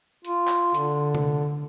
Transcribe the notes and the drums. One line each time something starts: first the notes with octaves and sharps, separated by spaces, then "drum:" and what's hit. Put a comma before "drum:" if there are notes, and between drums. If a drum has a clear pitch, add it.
F4, drum: hi-hat
drum: clap
D3, drum: hi-hat
drum: tom C3